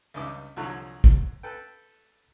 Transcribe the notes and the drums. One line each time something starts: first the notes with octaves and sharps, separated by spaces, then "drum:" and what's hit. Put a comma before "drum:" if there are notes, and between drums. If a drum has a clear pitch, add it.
C#2 G2 D#4 E5 D6
C2 D3 F3 F#3 C#5 A#5
drum: kick
A4 B4 G5